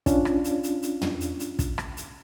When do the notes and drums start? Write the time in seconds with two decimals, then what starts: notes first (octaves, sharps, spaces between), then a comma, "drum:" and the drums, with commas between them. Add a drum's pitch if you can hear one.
0.06 C#4 D4 F4, drum: kick, hi-hat
0.25 drum: rim click
0.44 drum: hi-hat
0.63 drum: hi-hat
0.82 drum: hi-hat
1.02 drum: tom
1.21 drum: hi-hat
1.40 drum: hi-hat
1.59 drum: kick, hi-hat
1.78 drum: rim click
1.97 drum: hi-hat